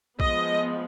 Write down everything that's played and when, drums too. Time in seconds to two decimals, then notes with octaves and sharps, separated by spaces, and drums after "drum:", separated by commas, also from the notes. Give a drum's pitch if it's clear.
0.20 F3 G#3 B3 D#5, drum: kick B1